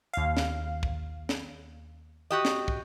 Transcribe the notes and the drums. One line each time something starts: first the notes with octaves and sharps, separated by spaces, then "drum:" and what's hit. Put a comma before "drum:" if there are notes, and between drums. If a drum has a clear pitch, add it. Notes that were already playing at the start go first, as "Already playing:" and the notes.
D#2 F5
drum: snare
drum: kick
drum: snare
F#4 G4 D#5
drum: snare
drum: kick